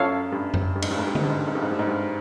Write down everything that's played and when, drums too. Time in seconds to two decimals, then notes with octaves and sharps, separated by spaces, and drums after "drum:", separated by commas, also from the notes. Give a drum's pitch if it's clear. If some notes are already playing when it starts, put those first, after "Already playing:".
Already playing: F#2 F4 A4 C#5 F5
0.32 G2
0.54 drum: tom F#2
0.75 G2
0.82 G#2, drum: cymbal
0.91 G2
0.99 G#2
1.07 G2
1.15 G#2, drum: tom D3
1.23 G2
1.30 G#2
1.39 G2
1.47 G#2
1.55 G2
1.62 G#2
1.71 G2
1.79 G#2
1.87 G2